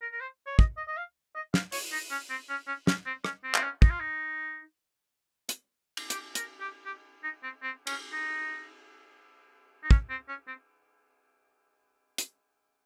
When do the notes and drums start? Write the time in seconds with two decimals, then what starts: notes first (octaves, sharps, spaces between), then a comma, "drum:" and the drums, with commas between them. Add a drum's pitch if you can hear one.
0.02 A#4
0.12 A#4
0.21 C5
0.46 C#5
0.59 D#5, drum: kick
0.77 D#5
0.88 D#5
0.97 F5
1.35 D#5
1.54 F5, drum: snare
1.72 C#5, drum: open hi-hat
1.92 D#4
2.11 C#4
2.30 C4
2.49 C#4
2.67 C#4
2.87 C#4, drum: snare
3.06 C4
3.25 C#4, drum: rim click
3.44 C4
3.55 C4, drum: clap
3.63 C#4
3.82 D#4, drum: kick
3.90 F4
4.00 D#4
5.49 drum: hi-hat
5.97 drum: cymbal
6.10 G4, drum: hi-hat
6.35 A#4, drum: hi-hat
6.60 G4
6.86 G4
7.24 D#4
7.43 C4
7.63 C4
7.87 C#4, drum: cymbal
8.12 D#4
9.83 D#4
9.91 C#4, drum: kick
10.10 C4
10.28 C#4
10.47 C4
12.18 drum: hi-hat